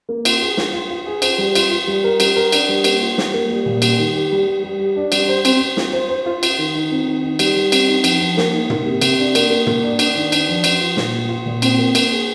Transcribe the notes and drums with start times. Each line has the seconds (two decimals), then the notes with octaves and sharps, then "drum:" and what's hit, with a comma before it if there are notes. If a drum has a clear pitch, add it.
0.09 A#3
0.25 F4, drum: cymbal
0.41 G#4
0.57 F4, drum: snare
0.73 F4
0.90 F4
1.06 G#4
1.22 C5, drum: cymbal
1.38 G3
1.55 F4, drum: cymbal
1.71 F4
1.87 G3
2.04 A#4
2.20 G3, drum: cymbal
2.36 A#4
2.52 D4, drum: cymbal
2.69 G3
2.84 A#3, drum: cymbal
3.01 F4
3.18 G3, drum: snare
3.34 A#3
3.50 G3
3.66 A#2
3.82 G3, drum: cymbal
3.99 D#3
4.15 G4
4.32 G3
4.48 G3
4.64 G3
4.80 G4
4.96 D4
5.12 G3, drum: cymbal
5.29 C5
5.45 C4, drum: cymbal
5.61 C4
5.77 F4, drum: snare
5.93 C5
6.09 C5
6.26 F4
6.43 F4, drum: cymbal
6.58 D#3
6.75 D#4
6.91 C4
7.07 D#3
7.23 D#4
7.39 G3, drum: cymbal
7.56 G3
7.72 C4, drum: cymbal
7.88 D#4
8.04 F3, drum: cymbal
8.21 F3
8.37 A#3, drum: snare
8.53 D#4
8.70 A#3, drum: tom
8.86 C3
9.02 C3, drum: cymbal
9.19 D4
9.35 A#3, drum: cymbal
9.50 A#3
9.66 A#3, drum: tom
9.83 D4
9.99 D4, drum: cymbal
10.15 D#3
10.32 D4, drum: cymbal
10.49 F3
10.64 F3, drum: cymbal
10.81 F4
10.97 A#2, drum: snare
11.13 F4
11.29 F4
11.46 A#2
11.62 C4, drum: cymbal
11.79 A#3
11.95 A#3, drum: cymbal
12.11 G#4